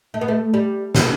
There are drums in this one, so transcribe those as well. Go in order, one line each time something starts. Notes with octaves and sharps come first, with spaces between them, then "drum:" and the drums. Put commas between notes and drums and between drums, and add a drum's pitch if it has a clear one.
A3
B3
A3
G3
B2, drum: snare